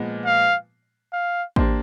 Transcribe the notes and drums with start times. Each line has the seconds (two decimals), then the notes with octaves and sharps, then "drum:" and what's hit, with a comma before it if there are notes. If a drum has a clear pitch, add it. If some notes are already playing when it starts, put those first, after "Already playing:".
Already playing: A#2 F3 G#3 B3
0.25 F5
1.13 F5
1.56 A#3 D4 G4 C5, drum: kick A1